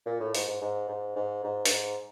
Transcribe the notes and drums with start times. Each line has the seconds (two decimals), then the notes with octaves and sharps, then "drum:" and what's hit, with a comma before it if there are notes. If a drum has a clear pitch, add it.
0.06 A#2
0.20 A2
0.35 G#2, drum: open hi-hat
0.48 G#2
0.62 G#2
0.89 G#2
1.16 G#2
1.44 G#2
1.65 G2, drum: open hi-hat
1.71 G#2